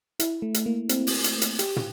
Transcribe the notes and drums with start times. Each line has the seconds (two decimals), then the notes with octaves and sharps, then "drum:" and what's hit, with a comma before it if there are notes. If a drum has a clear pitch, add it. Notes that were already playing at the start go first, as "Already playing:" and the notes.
0.20 E4, drum: hi-hat
0.42 A3
0.54 drum: hi-hat
0.66 A#3
0.89 C4, drum: hi-hat
1.07 drum: open hi-hat
1.24 drum: hi-hat
1.42 drum: hi-hat
1.59 G4, drum: hi-hat
1.76 drum: tom